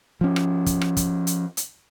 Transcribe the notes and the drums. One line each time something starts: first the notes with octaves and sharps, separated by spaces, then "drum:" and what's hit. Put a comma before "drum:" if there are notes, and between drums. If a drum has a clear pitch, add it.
F3 C#4
drum: rim click
drum: kick, hi-hat
drum: rim click
drum: kick, hi-hat
drum: hi-hat
drum: hi-hat